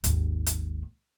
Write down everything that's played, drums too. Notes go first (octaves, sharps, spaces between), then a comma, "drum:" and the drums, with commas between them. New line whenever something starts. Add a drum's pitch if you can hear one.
G#1 D#2, drum: hi-hat
drum: hi-hat